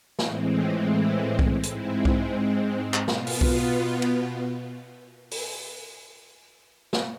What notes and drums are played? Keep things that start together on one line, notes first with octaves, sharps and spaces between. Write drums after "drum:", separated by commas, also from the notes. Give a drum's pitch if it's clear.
A2 E3 G#3 C4 E4, drum: snare
F4
E4
drum: kick B1
G#2 G#3 C4 E4, drum: hi-hat
drum: kick B1
drum: clap
B2 B3 F4, drum: snare
drum: open hi-hat
drum: kick B1
drum: cymbal
drum: open hi-hat
drum: snare